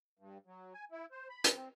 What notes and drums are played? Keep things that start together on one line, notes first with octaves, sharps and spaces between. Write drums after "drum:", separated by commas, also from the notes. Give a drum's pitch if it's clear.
G2
F#3
G#5
E4
C5
B5
drum: hi-hat
C4